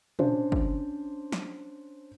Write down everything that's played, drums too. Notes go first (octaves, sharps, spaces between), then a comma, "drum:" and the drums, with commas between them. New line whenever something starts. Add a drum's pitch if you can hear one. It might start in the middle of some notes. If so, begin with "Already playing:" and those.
C#4 D4 C5, drum: tom
drum: kick
drum: snare